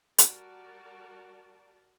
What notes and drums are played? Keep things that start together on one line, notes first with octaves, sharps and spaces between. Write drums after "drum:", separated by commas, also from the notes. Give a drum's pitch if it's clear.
G3 F#4 A#4 D5 A5, drum: hi-hat